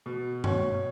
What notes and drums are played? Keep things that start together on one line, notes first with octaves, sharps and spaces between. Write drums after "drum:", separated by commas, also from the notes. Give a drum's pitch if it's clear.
B2
B2 C#5, drum: tom G2